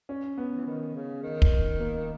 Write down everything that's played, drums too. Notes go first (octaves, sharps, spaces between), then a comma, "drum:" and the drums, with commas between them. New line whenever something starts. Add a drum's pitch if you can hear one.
C#4
B3
E3
D#3
C#3
D#3
drum: kick
A#3